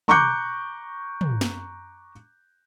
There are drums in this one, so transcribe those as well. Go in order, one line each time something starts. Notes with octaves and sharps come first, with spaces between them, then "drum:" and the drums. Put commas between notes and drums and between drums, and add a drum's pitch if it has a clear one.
A#5 C#6 D6 F#6 G6 C#7, drum: tom
drum: tom
drum: snare